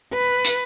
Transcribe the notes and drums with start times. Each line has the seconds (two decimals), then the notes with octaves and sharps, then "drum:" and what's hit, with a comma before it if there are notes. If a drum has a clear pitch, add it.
0.13 B4
0.45 drum: hi-hat